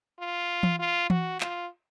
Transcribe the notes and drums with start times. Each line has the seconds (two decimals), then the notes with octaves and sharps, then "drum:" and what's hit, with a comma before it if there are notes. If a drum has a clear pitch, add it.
0.20 F4
0.63 drum: tom E3
0.80 F4
1.10 F#4, drum: tom E3
1.41 F4, drum: clap